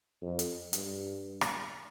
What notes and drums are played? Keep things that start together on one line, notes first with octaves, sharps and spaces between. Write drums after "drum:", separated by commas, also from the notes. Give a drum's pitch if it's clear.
F2
drum: hi-hat
G2, drum: hi-hat
drum: rim click